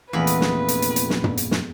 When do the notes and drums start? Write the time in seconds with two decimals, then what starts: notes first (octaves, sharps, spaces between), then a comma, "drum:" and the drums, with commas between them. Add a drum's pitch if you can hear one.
0.13 F1 E2 A#2 F4 B4 D#5 B5
0.27 drum: hi-hat
0.41 drum: snare
0.68 drum: hi-hat
0.82 drum: hi-hat
0.96 drum: hi-hat
1.10 drum: snare
1.24 drum: tom
1.38 drum: hi-hat
1.51 drum: snare